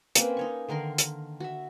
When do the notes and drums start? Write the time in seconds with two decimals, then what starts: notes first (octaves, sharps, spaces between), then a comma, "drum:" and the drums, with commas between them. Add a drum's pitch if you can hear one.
0.15 A#3 C4 C#4 B4, drum: hi-hat
0.37 D#4 C#5 C#6
0.69 D3 D#3 A#4 C6
0.98 drum: hi-hat
1.40 F#4 E5